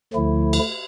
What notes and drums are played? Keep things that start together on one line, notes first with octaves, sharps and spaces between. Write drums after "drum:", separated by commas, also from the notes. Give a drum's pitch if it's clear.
D2 D3 F3 A3 E4
drum: cymbal